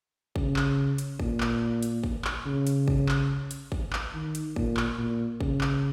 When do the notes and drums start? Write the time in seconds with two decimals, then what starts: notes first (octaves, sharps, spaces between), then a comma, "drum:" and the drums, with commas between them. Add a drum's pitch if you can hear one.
0.36 C#3, drum: kick
0.56 drum: clap
0.98 drum: hi-hat
1.20 A#2, drum: kick
1.40 drum: clap
1.83 drum: hi-hat
2.04 drum: kick
2.25 drum: clap
2.46 C#3
2.67 drum: hi-hat
2.88 drum: kick
3.09 drum: clap
3.51 drum: hi-hat
3.72 drum: kick
3.93 drum: clap
4.14 D#3
4.35 drum: hi-hat
4.56 A#2, drum: kick
4.77 drum: clap
4.98 A#2
5.41 C#3, drum: kick
5.61 drum: clap